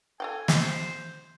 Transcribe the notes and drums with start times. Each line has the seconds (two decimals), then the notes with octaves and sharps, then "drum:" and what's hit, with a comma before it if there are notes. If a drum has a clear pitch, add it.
0.20 A4 F5 G5 G#5
0.48 F3 C5, drum: snare